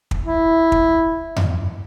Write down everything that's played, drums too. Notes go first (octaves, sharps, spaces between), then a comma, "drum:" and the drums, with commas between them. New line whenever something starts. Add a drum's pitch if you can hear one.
drum: kick
E4
drum: kick
drum: tom F2